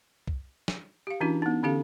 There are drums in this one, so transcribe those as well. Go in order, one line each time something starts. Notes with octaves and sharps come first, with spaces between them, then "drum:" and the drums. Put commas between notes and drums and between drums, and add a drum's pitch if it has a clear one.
drum: kick C2
drum: snare
G4 F5
E3 C#4 D4 E4 F#4
B3 D#4
D3 C#4 G4 A4 F5